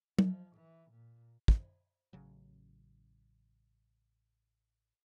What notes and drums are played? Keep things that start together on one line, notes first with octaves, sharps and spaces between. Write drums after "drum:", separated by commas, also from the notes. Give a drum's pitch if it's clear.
F3, drum: tom
E3
A#2
drum: kick
A1 C#3 F#3